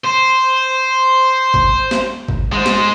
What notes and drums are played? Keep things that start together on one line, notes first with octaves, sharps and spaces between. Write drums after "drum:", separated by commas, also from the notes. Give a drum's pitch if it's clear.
C5
drum: kick G#1
drum: snare
drum: kick G#1
G#3 C5
drum: snare